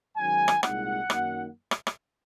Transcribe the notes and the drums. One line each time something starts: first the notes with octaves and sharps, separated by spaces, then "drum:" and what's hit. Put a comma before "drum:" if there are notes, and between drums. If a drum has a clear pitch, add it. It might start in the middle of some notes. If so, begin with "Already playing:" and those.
G#2 D#3 F#3 C#4 G#5
drum: rim click
C2 A#2 G#3 C4 D#4 F#5, drum: rim click
F#2 D#3 F#3 A#3 D#4, drum: rim click
drum: rim click
drum: rim click